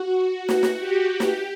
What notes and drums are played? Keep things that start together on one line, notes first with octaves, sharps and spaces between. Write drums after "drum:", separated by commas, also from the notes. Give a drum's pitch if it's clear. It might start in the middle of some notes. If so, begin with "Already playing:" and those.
Already playing: F#4
F#4
drum: snare
drum: snare
G4
G4, drum: snare